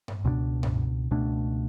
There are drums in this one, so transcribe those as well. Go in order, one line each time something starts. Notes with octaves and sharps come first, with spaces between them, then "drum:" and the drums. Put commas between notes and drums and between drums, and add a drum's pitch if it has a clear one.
drum: tom G2
C#2 B2 A3 D4
drum: tom G2
C#2 B2 A3 D4